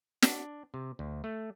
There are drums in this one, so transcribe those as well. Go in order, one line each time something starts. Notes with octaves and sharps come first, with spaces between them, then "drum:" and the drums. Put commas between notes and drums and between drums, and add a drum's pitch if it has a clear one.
D4, drum: snare
C3
D2
A3